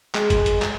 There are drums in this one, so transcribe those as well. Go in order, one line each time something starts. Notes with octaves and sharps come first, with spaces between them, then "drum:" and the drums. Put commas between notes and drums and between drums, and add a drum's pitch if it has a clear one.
G#3, drum: clap
drum: kick, hi-hat
drum: hi-hat
drum: clap